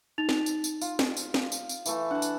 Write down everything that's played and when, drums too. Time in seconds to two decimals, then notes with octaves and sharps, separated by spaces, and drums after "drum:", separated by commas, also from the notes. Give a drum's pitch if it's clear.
0.18 D#4 A6 F7
0.29 drum: snare
0.46 drum: tambourine
0.64 drum: tambourine
0.81 F4, drum: tambourine
0.99 drum: snare
1.17 drum: tambourine
1.34 drum: snare
1.52 drum: tambourine
1.69 drum: tambourine
1.86 E3 A3, drum: tambourine
2.11 D4 F#5 A5
2.22 drum: tambourine